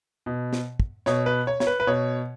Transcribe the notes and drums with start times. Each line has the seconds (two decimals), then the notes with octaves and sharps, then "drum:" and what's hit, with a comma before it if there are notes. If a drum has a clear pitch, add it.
0.26 B2
0.53 drum: snare
0.80 drum: kick
1.06 B2 C#5, drum: snare
1.26 B4
1.47 C#5
1.60 C#5, drum: snare
1.67 B4
1.80 B4
1.87 B2 C#5